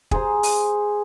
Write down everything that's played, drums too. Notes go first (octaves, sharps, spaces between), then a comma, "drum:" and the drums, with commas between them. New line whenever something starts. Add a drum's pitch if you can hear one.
G#4 C5 A#5, drum: kick
drum: open hi-hat